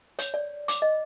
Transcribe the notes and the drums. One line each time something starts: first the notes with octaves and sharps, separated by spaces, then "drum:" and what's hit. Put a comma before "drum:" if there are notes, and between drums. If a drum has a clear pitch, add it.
C#5, drum: hi-hat
D5
D6, drum: hi-hat
D#5